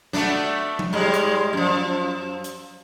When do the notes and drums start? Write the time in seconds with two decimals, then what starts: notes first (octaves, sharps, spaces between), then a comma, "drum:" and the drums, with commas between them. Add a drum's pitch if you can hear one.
0.13 A3 B3 D4, drum: snare
0.79 drum: tom F3
0.93 G#2 G3 G#3
1.14 drum: hi-hat
1.53 F#2 F3
2.44 drum: hi-hat